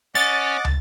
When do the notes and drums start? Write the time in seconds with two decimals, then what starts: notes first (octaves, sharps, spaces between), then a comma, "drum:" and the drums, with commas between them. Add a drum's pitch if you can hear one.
0.15 C#4 D#5 F#5 D6 A6
0.65 drum: tom